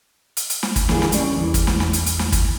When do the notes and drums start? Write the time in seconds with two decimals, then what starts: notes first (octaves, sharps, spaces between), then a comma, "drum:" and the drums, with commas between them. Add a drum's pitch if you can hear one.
0.37 drum: hi-hat
0.50 drum: hi-hat
0.63 drum: snare
0.76 drum: kick, hi-hat
0.89 E2 D3 E3 G3 A#3 G#4, drum: snare
1.02 drum: snare
1.12 G3 C#4 D5, drum: hi-hat
1.36 E2 E3
1.54 drum: kick, hi-hat
1.67 drum: snare
1.80 drum: snare
1.93 drum: hi-hat
2.06 drum: hi-hat
2.19 drum: snare
2.32 drum: kick, hi-hat